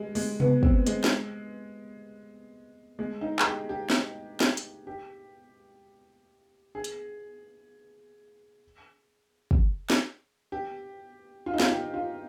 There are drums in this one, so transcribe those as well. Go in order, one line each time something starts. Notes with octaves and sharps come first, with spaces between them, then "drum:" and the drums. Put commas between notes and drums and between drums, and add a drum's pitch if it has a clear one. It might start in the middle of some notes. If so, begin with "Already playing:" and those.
Already playing: G3 G#3
G#3, drum: open hi-hat
B3, drum: tom C3
C4, drum: kick
G#3, drum: hi-hat
drum: snare
G#3
D#4
G#4, drum: clap
G4
G4
drum: snare
drum: snare
drum: hi-hat
G4
G#4
drum: hi-hat
drum: kick
drum: snare
G4
F4
D#4
F4, drum: snare
G4
F4